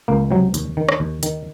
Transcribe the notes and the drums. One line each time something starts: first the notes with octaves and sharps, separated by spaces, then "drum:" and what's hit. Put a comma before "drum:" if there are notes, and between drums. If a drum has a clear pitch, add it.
C#2 A#3
C3 F#3
D#2, drum: hi-hat
D#3
drum: rim click
D#2
D#3, drum: hi-hat